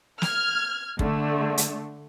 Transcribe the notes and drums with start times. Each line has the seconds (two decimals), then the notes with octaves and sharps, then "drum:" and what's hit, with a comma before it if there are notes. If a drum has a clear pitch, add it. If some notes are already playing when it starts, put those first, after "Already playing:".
0.22 F6 G#6, drum: snare
0.99 D3 A3, drum: kick
1.58 drum: hi-hat